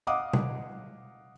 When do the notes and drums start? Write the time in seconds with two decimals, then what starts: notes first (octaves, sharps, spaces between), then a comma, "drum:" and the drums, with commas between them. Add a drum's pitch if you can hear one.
0.07 D#5 F5 F#5 D6 D#6
0.33 drum: tom B2